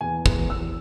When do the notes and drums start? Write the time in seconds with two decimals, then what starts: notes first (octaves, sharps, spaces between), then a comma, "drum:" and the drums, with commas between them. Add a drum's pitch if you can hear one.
0.01 E2 G#5
0.26 E2, drum: kick
0.49 E2 E6